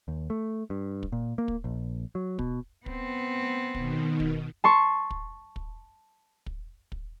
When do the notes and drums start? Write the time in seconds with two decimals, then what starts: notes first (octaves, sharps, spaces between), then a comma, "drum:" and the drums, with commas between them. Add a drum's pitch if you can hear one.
0.08 D#2
0.30 A3
0.70 G2
1.03 drum: kick
1.12 A#2
1.38 A#3
1.48 drum: kick
1.64 A#1
2.15 F#3
2.39 B2, drum: kick
2.86 B3 C4, drum: kick
3.75 B2 D#3, drum: kick
4.20 drum: kick
4.64 A5 C6 C#6
5.10 drum: kick
5.56 drum: kick
6.46 drum: kick
6.92 drum: kick